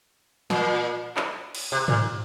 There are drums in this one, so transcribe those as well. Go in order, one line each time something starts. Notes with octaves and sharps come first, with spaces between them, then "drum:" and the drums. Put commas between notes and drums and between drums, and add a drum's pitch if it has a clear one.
A#2, drum: snare
drum: clap
drum: cymbal
C3
A#2, drum: tom G#2